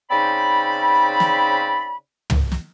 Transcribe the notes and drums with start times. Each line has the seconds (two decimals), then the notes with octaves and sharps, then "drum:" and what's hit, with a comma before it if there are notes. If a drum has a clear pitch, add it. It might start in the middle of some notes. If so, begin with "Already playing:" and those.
0.11 C#3 C4 D#4 D5 B5
1.20 drum: snare
2.30 drum: tom
2.52 drum: snare